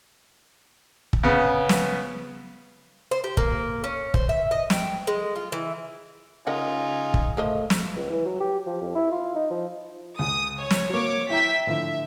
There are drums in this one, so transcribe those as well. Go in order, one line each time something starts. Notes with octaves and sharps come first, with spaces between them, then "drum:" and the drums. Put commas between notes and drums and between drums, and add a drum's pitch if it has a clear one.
drum: kick
C#3 B3
drum: snare
C5
G4
A#3, drum: kick
C#4
C5, drum: kick
E5
D#5
G5, drum: snare
G#3
F4
E3
C#3 D#4 F4 A#4 D#5 F#5 G#5
drum: kick
F3 A3 A#4 D#5
drum: snare
C#2
E3
F#3
G4
F3
F2
E4
F4
D#4
F3
C#2 D#6
C#5
drum: snare
F#3 A#3 C#5 D6
E4 E5 G5 A#5 B6
A2 D3 F3 E5